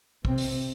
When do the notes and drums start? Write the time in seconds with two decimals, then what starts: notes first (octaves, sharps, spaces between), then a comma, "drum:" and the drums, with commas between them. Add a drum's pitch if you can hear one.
0.25 C3 C4, drum: kick
0.38 drum: open hi-hat